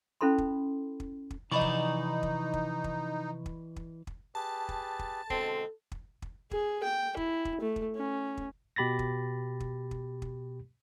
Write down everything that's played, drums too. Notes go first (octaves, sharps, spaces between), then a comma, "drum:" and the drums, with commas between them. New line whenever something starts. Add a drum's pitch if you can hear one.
C#4 E4 A4 B5 C6
drum: kick
drum: kick
drum: kick
C3 E3 F3 D#4 D5 D#5 B5 C#6
drum: kick
drum: kick
drum: kick
drum: kick
drum: kick
drum: kick
drum: kick
G4 G#4 B4 A5
drum: kick
drum: kick
B2 D3 G#3 C4 A4, drum: kick
drum: kick
drum: kick
G#4, drum: kick
G5
E4, drum: kick
drum: kick
A3
drum: kick
C#4
drum: kick
B2 G4 B5 A6 A#6
drum: kick
drum: kick
drum: kick
drum: kick